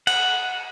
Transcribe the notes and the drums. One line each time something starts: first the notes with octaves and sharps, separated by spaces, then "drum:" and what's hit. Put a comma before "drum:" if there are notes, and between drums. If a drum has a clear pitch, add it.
F#5, drum: cymbal